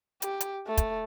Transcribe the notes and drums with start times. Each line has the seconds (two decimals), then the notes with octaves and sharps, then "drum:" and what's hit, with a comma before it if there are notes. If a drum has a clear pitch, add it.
0.22 G4, drum: hi-hat
0.40 drum: hi-hat
0.67 A3
0.77 drum: kick, hi-hat